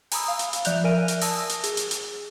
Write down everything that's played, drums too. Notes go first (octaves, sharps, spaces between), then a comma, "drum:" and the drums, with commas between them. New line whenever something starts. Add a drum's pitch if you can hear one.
G#5 A#5 B5 D#6 E6, drum: open hi-hat
F5
drum: hi-hat
drum: hi-hat
F3 D5 E5 F#6 G6 F7, drum: hi-hat
A#4 E5 G#5 F6 D7 D#7
drum: hi-hat
A5 D#6 E6 A#6, drum: open hi-hat
drum: hi-hat
G#4, drum: hi-hat
drum: hi-hat
drum: hi-hat